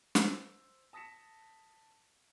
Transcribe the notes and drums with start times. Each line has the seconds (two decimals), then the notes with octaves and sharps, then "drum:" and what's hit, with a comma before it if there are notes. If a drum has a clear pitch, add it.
0.15 C5 E6, drum: snare
0.93 A5 D#6 A#6 B6 C#7 E7